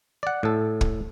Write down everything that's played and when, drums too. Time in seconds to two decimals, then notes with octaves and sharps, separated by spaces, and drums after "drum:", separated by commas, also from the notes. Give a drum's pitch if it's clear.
0.23 D5 F#5
0.43 A2 A4
0.81 drum: kick